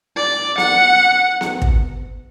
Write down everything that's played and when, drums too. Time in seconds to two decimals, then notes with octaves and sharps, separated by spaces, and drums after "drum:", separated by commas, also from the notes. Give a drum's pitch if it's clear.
0.16 D5
0.58 F#5, drum: snare B3
1.41 drum: snare B3
1.62 drum: kick